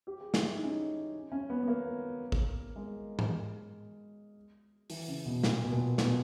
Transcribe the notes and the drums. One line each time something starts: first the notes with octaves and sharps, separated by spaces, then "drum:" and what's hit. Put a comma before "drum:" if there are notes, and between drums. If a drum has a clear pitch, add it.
G4
G#4
E4, drum: snare
E4
D#4
C#4
D#4
C#4
B3
B3
A#3
drum: kick A1
G#3
drum: tom
E3, drum: open hi-hat
C#3
B2
A#2, drum: snare
B2
A#2
B2, drum: snare